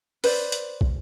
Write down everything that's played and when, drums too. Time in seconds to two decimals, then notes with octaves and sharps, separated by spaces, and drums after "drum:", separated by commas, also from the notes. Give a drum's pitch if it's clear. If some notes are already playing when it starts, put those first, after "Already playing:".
0.24 B4 C5 D5, drum: open hi-hat
0.52 drum: hi-hat
0.81 drum: kick